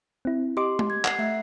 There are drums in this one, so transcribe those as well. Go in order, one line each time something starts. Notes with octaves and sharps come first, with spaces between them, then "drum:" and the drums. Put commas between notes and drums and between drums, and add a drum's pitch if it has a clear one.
C4 E4
G4 D#5 C6 D6
drum: tom G#3
G#6
F#5 C7, drum: clap
A3 E5